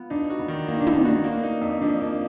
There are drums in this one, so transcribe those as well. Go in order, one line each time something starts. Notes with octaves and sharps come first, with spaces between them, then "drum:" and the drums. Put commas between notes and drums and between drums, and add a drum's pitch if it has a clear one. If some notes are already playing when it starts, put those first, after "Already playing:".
Already playing: B3 F4
D4 D#4
F#4
B3
D#3
A#3 D#4
D4
D#4, drum: tom
B3
D4 F#4
A#3
D#4
F2
F3 D4
A#3